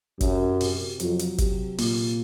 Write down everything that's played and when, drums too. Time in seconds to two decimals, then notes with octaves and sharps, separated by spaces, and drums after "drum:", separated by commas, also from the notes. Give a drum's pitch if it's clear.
0.21 F#2 C3, drum: kick, hi-hat
0.61 C3, drum: open hi-hat
1.00 F2 F#3, drum: hi-hat
1.19 drum: hi-hat
1.38 C3, drum: kick, hi-hat
1.78 A#2, drum: open hi-hat